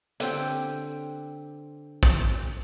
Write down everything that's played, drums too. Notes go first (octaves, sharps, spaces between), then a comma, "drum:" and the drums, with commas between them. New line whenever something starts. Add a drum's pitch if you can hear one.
D3 C4 G4, drum: hi-hat
drum: kick